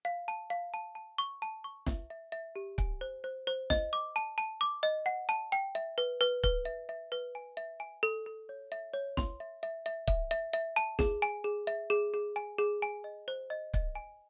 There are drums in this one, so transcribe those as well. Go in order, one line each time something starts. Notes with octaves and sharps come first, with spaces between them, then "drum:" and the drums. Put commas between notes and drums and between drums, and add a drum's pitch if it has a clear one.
F5
A5
F5
A5
A5
C#6
A5
C#6
E5, drum: snare
E5
E5
G4
G#5, drum: kick C#1
C5
C5
C5
D#5, drum: snare
D6
A5
A5
D6
D#5
F#5
A5
G5
E5
B4
B4
B4, drum: kick C#1
E5
E5
B4
G#5
E5
G#5
A4
A4
C#5
E5
C#5
C6, drum: snare
E5
E5
E5
E5, drum: kick C#1
E5
E5
A5
G#4, drum: snare
G#5
G#4
E5
G#4
G#4
G#5
G#4
G#5
D#5
C5
D#5
D#5, drum: kick C#1
G#5